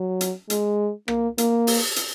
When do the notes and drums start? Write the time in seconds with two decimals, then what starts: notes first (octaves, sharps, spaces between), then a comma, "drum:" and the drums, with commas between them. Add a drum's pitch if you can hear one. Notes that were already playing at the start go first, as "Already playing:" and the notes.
Already playing: F#3
0.21 drum: hi-hat
0.50 G#3, drum: hi-hat
1.08 A#3, drum: rim click
1.38 A#3, drum: hi-hat
1.67 drum: open hi-hat
1.96 drum: hi-hat